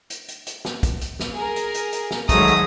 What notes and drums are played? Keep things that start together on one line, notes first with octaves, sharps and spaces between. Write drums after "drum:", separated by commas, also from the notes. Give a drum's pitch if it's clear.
drum: hi-hat
drum: hi-hat
drum: hi-hat
drum: snare
drum: kick, hi-hat
drum: hi-hat
drum: snare
G#4 A#4
drum: hi-hat
drum: hi-hat
drum: hi-hat
drum: snare
G#2 D#3 F#3 G#3 A3 A#5 D#6, drum: kick, hi-hat
drum: hi-hat